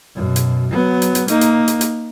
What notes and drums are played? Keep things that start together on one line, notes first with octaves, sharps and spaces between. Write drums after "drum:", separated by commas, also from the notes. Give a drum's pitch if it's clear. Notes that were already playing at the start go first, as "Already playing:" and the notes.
F#2 B2
drum: hi-hat
F#3 B3
drum: hi-hat
drum: hi-hat
A#3 D#4, drum: hi-hat
drum: hi-hat
drum: hi-hat
drum: hi-hat